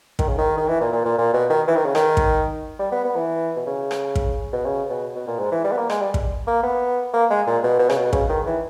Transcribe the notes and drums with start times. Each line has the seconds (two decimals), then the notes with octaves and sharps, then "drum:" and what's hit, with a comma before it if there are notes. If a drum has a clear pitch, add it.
0.19 D#3, drum: kick
0.28 C#3
0.38 D#3
0.57 D#3
0.68 E3
0.81 A#2
0.92 A#2
1.05 A#2
1.18 A#2
1.33 B2
1.50 D#3
1.68 E3
1.76 D#3
1.85 C#3
1.95 D#3, drum: rim click
2.17 drum: kick
2.79 G3
2.92 B3
3.04 B3
3.16 E3
3.57 B2
3.66 C#3
3.91 drum: rim click
4.15 drum: kick
4.53 B2
4.66 C#3
4.90 B2
5.15 B2
5.27 A#2
5.39 G#2
5.51 E3
5.64 G3
5.72 B3
5.77 A#3
5.90 G#3, drum: rim click
6.01 G3
6.14 drum: kick
6.47 A#3
6.63 B3
7.14 A#3
7.30 G#3
7.47 A#2
7.63 B2
7.79 B2
7.90 C#3, drum: rim click
7.97 B2
8.13 C#3, drum: kick
8.29 D#3
8.46 E3